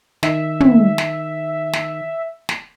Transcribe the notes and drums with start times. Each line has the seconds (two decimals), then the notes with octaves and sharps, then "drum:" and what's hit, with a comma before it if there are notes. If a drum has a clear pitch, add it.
0.23 D#3 E5, drum: snare
0.60 drum: tom
0.98 drum: snare
1.73 drum: snare
2.49 drum: snare